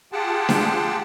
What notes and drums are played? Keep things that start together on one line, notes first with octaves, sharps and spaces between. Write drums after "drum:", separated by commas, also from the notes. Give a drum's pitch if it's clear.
F4 G4 G#4 F#5 G5 A5
drum: snare D4